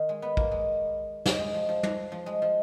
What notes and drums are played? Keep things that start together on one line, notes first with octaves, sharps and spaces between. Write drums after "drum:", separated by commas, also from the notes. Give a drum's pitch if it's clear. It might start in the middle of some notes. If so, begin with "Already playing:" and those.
Already playing: D#3
G#3
B3
A#3, drum: kick
G#3
G#3, drum: snare
G#3
F3
F3
drum: tom
F3
G#3
F3